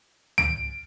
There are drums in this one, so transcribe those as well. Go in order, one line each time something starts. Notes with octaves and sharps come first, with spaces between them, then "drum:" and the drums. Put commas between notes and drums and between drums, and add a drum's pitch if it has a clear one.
D7, drum: tom C#2